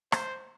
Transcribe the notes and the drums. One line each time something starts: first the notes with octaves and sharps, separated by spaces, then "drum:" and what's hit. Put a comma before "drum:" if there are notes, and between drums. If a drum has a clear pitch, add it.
C5, drum: rim click